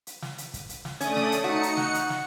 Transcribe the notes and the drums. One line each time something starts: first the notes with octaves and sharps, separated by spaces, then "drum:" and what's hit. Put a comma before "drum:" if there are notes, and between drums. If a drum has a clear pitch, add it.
drum: hi-hat
drum: snare
drum: hi-hat
drum: kick, hi-hat
drum: hi-hat
drum: snare
A3 C#4 D5 D#6, drum: hi-hat
drum: snare
drum: hi-hat
A3 D#4 F#4 C#7
drum: hi-hat
F#5, drum: snare
drum: hi-hat
drum: snare